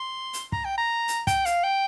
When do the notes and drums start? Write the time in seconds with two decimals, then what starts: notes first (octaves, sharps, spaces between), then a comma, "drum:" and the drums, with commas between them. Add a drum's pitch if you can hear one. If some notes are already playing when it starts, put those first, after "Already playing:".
Already playing: C6
0.33 drum: hi-hat
0.52 A#5, drum: kick
0.65 G5
0.78 A#5
1.08 drum: hi-hat
1.27 G5, drum: kick, hi-hat
1.45 F5, drum: hi-hat
1.64 G5